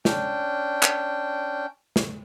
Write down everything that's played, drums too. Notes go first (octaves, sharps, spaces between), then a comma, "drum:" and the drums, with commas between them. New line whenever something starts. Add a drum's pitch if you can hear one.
C#4 D4 G5, drum: snare
drum: clap
drum: snare